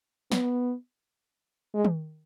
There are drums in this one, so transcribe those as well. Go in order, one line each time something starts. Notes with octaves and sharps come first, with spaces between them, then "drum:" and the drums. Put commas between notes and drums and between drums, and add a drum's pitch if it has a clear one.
B3, drum: snare
G#3
drum: tom D#3